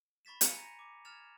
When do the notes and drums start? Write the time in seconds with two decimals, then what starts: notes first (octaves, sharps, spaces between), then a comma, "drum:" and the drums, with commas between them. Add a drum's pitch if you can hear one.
0.25 B5 C#6 A6 B6 E7
0.41 G#5 G#6 C#7 D#7 F7, drum: hi-hat
0.55 A#5 G6 A#6
0.79 D6
1.05 F6 G#6 A6 E7 F7